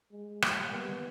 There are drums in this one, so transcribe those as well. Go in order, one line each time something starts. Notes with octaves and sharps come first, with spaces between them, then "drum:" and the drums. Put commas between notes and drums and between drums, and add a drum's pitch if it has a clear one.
G#3
G3 A#3, drum: rim click
G3
G3 B3
D#3